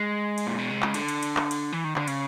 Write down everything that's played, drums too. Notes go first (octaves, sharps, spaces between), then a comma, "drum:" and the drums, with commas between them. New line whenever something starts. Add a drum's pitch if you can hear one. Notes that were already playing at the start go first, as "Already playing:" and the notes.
Already playing: G#3
drum: cymbal
A#2
B2
C3
C#3, drum: clap
D3, drum: cymbal
drum: cymbal
drum: cymbal
drum: clap
drum: cymbal
E3
D#3
D3, drum: clap
C#3, drum: cymbal